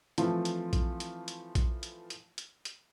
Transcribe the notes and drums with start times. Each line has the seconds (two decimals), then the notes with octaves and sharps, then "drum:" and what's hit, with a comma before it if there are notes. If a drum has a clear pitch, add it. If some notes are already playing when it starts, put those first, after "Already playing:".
0.18 E3 F3 A3 C4 F4, drum: hi-hat
0.45 drum: hi-hat
0.73 drum: kick A#1, hi-hat
1.00 drum: hi-hat
1.28 drum: hi-hat
1.55 drum: kick A#1, hi-hat
1.83 drum: hi-hat
2.10 drum: hi-hat
2.38 drum: hi-hat
2.65 drum: hi-hat